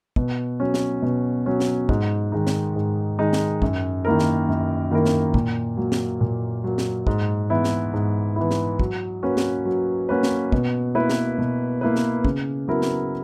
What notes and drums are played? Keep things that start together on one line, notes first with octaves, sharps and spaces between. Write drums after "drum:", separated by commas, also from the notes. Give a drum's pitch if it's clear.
B2, drum: kick
F#3 C#4
drum: snare
B2
F#3 C#4
drum: snare
G#2, drum: kick
D#3 G#3 D#4
drum: snare
G#2
D#3 G#3 D#4
drum: snare
F#2, drum: kick
D#3 A#3 E4 A#4
drum: snare
F#2
D#3 A#3 E4 A#4
drum: snare
A#2, drum: kick
F#3 A#3
drum: snare
A#2
F#3 A#3
drum: snare
G#2, drum: kick
E3 B3 E4
drum: snare
G#2
E3 B3 E4
drum: snare
F#3, drum: kick
A#3 C#4 F#4 B4
drum: snare
F#3
A#3 C#4 F#4 B4
drum: snare
B2, drum: kick
A#3 E4 B4
drum: snare
B2
A#3 E4 B4
drum: snare
C#3, drum: kick
F#3 B3 E4 A#4
drum: snare